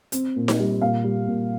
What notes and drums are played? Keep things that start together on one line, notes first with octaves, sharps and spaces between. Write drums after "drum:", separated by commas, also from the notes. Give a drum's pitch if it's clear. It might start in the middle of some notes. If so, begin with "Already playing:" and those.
C4, drum: hi-hat
A#2
drum: snare D#4
G3
A#2 F5
G3
A#2